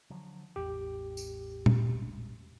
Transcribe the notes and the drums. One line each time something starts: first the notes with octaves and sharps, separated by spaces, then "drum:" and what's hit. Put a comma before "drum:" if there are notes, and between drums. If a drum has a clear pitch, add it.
D3 F3 F#3
A1 E2 G4
drum: tambourine
drum: tom